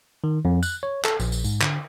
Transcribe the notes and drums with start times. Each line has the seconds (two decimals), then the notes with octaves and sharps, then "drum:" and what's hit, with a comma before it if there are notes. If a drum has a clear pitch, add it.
0.24 D#3
0.45 F2
0.63 F#6, drum: tambourine
0.83 C#5
1.05 A4, drum: clap
1.20 A#1, drum: tambourine
1.32 drum: tambourine
1.44 G#2, drum: tambourine
1.62 D3, drum: clap